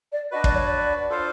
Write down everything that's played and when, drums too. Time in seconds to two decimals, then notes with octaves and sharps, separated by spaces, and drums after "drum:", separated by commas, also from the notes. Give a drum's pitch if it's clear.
0.12 D5
0.31 D4 F#4 B4 D#5
0.44 D5, drum: kick
0.55 C#5
0.67 D5
1.10 D4 F4 A4 C5 F5